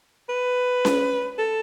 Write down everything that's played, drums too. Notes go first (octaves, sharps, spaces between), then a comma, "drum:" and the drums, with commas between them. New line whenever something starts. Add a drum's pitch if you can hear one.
B4
drum: snare C#4
A4